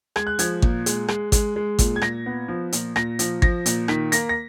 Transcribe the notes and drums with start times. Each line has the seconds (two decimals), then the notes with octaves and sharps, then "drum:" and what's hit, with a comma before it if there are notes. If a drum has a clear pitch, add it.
0.16 G#3 G#6, drum: rim click
0.27 F#6
0.39 F3 G#6, drum: hi-hat
0.62 A#2, drum: kick G#1
0.86 G#3, drum: hi-hat
1.08 G#3, drum: rim click
1.32 G#3, drum: kick G#1, hi-hat
1.56 G#3
1.79 A#2, drum: kick G#1, hi-hat
1.96 G#6
2.02 A#2 A#6, drum: rim click
2.26 B3
2.48 F3
2.72 A#2, drum: hi-hat
2.96 A#2 A#6, drum: rim click
3.19 F3, drum: hi-hat
3.42 F3 A#6, drum: kick G#1
3.66 A#2, drum: hi-hat
3.88 D#3 B6, drum: rim click
4.12 A#3 A#6, drum: hi-hat
4.29 A#6